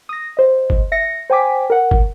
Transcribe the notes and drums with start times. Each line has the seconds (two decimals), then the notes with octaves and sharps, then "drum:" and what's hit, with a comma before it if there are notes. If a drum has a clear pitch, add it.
0.09 D#6 A#6
0.37 C5 D#5
0.70 drum: kick
0.92 E5 A#6 C#7
1.30 C5 G5 G#5 D6 B6
1.70 A#4 F#5
1.91 drum: kick